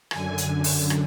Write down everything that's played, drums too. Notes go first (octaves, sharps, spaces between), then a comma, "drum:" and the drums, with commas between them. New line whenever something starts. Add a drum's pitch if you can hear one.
F#2 D3 G#5, drum: rim click
drum: hi-hat
drum: open hi-hat
drum: rim click